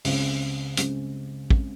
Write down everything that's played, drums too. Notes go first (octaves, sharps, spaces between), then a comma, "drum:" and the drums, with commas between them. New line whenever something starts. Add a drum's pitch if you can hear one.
C#2 C#3 G#3 C4, drum: open hi-hat
C#2 C#3 G#3 C4, drum: hi-hat
C#3 G#3 C4, drum: kick